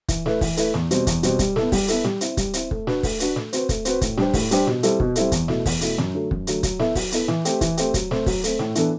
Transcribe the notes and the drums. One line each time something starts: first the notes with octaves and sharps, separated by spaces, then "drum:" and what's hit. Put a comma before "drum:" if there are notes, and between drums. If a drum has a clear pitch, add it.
E3, drum: kick, hi-hat
A3 E4 B4 E5, drum: snare
E3, drum: kick, open hi-hat
A3 E4 B4 E5, drum: hi-hat
E2, drum: snare
B2 G3 C4, drum: hi-hat
E2, drum: kick, hi-hat
B2 G3 C4, drum: hi-hat
G3, drum: kick, hi-hat
B3 E4 A4, drum: snare
G3, drum: kick, open hi-hat
B3 E4 A4, drum: hi-hat
G3, drum: snare
C4 E4, drum: hi-hat
G3, drum: kick, hi-hat
C4 E4, drum: hi-hat
A3, drum: kick
D4 F#4 B4, drum: snare
A3, drum: kick, open hi-hat
D4 F#4 B4, drum: hi-hat
A3, drum: snare
C4 F#4 B4, drum: hi-hat
A3, drum: kick, hi-hat
C4 F#4 B4, drum: hi-hat
A2, drum: kick, hi-hat
G3 D4 G4 C5, drum: snare
A2, drum: kick, open hi-hat
G3 D4 G4 C5, drum: hi-hat
B2, drum: snare
G3 C4 E4 A4, drum: hi-hat
B2, drum: kick
G3 C4 E4 A4, drum: hi-hat
E2, drum: kick, hi-hat
B2 A3 E4, drum: snare
E2, drum: kick, open hi-hat
B2 A3 E4, drum: hi-hat
F#2, drum: snare
D3 F#3 A3
F#2, drum: kick
D3 F#3 A3, drum: hi-hat
F#3, drum: kick, hi-hat
B3 E4 A4 E5, drum: snare
F#3, drum: kick, open hi-hat
B3 E4 A4 E5, drum: hi-hat
E3, drum: snare
A3 C4 G4, drum: hi-hat
E3, drum: kick, hi-hat
A3 C4 G4, drum: hi-hat
F#3, drum: kick, hi-hat
A3 C4, drum: snare
F#3, drum: kick, open hi-hat
A3 C4, drum: hi-hat
A2, drum: snare
E3 B3 D4 A4, drum: hi-hat